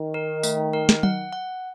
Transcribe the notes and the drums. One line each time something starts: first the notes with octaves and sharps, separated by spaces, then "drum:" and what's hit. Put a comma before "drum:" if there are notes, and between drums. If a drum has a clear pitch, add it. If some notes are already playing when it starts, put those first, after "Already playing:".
Already playing: D#3
A#4
A3, drum: tambourine
A#4
drum: snare
F#5, drum: tom F#3
F#5